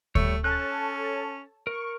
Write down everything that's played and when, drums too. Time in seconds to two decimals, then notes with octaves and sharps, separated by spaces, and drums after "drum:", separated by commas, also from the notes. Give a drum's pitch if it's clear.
0.15 G3 A3 C#5, drum: kick D2
0.44 C#4 A4 C#5 A5 F#6
1.67 A#4 C#6